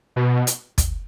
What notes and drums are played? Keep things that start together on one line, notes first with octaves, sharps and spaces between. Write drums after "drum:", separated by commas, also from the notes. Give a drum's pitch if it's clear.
B2
drum: hi-hat
drum: kick, hi-hat